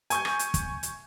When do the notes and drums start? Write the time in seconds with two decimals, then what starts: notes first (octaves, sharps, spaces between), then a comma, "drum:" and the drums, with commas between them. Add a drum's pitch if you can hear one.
0.10 G#5 C#6 G6, drum: hi-hat
0.25 drum: rim click
0.39 drum: hi-hat
0.54 drum: kick, hi-hat
0.83 drum: hi-hat